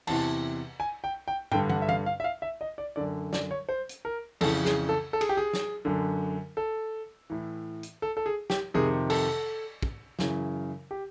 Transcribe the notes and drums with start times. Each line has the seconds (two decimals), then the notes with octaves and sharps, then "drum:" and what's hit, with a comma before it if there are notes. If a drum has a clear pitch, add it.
0.07 E2 C3 E3 A5, drum: cymbal
0.80 G#5
1.04 G5
1.28 G5
1.52 G2 D3 G5, drum: tom
1.70 F#5, drum: tom
1.82 E5
1.89 F5, drum: tom
2.06 F5
2.20 E5
2.24 F5
2.42 E5
2.61 D#5
2.78 D5
2.96 F#2 D3 D5
3.33 D5, drum: snare
3.51 C#5
3.69 C5
3.89 drum: hi-hat
4.05 A#4
4.41 F2 C#3 E3 A4, drum: cymbal
4.65 G#4, drum: snare
4.89 A4
5.13 A4
5.21 G#4, drum: cymbal
5.29 G4
5.37 G#4
5.53 drum: snare
5.85 F#2 D3
6.57 A4
7.30 A2 E3
7.83 drum: hi-hat
8.02 A4
8.17 A4
8.26 G#4
8.50 G4, drum: snare
8.74 F2 C3 D#3 G#4
9.10 A4, drum: cymbal
9.82 drum: kick
10.19 F#2 C#3 E3, drum: snare
10.91 G4